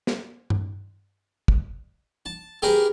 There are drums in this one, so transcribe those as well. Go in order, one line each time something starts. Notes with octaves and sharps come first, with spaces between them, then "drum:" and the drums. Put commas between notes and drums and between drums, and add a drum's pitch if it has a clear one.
drum: snare
drum: tom G2
drum: kick
A5
G4 G#4 A#4 B4